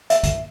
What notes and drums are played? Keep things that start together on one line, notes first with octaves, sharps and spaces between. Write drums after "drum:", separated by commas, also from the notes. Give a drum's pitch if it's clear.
E5, drum: hi-hat
drum: kick B1, hi-hat